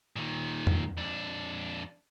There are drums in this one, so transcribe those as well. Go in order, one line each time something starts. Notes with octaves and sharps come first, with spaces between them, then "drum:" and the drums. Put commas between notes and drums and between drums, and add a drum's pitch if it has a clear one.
A#2 D#3
drum: tom
F2 D4